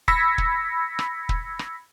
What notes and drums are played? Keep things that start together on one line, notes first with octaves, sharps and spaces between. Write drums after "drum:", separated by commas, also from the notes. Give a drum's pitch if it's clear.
B5 E6 G#6 A#6 B6 C#7, drum: kick
drum: kick
drum: rim click
drum: kick
drum: rim click